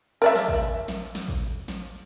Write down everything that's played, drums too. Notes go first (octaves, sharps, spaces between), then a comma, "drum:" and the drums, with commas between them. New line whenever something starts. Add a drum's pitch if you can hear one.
A#4 D5 E5
drum: snare
drum: kick
drum: snare
drum: snare
drum: kick
drum: snare